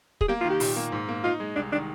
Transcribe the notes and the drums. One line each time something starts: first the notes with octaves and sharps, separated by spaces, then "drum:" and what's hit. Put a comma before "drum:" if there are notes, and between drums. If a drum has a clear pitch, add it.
G#4, drum: kick
A#3 G4
D#3 F4
G4
A#2, drum: open hi-hat
A#3
G#2
A#3
D#4 F4
G#3
C2 D4
D#3 D4